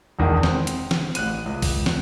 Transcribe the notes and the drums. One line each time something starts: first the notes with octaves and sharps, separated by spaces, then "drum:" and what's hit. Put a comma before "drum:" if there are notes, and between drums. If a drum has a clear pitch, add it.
E1 E2 D#3
C4, drum: snare
drum: hi-hat
drum: snare
A1 F#6 D#7, drum: hi-hat
C#2
drum: kick A#1, open hi-hat
drum: snare